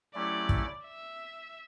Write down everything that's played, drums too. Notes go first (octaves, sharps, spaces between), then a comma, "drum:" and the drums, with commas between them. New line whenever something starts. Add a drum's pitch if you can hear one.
F#3 A3 C#4 E4 G4 D5
drum: kick
E5